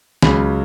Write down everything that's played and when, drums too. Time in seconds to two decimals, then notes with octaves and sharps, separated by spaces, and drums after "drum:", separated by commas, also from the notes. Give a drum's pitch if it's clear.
0.22 C#2 C#3 F#3 C#4 B5, drum: snare